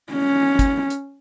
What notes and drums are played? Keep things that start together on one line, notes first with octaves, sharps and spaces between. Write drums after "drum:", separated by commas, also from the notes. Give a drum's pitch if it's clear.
C#4
drum: kick, hi-hat
drum: hi-hat